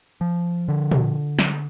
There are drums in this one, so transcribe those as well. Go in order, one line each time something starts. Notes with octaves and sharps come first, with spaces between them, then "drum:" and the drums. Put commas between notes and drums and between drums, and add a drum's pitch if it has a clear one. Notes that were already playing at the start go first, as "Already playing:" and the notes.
F3
D3
drum: tom A#2
drum: snare